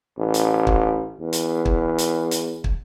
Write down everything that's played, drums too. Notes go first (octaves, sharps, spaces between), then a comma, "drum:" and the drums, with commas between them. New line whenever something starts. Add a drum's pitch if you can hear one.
A1
drum: hi-hat
drum: kick
E2
drum: hi-hat
drum: kick
drum: hi-hat
drum: hi-hat
drum: kick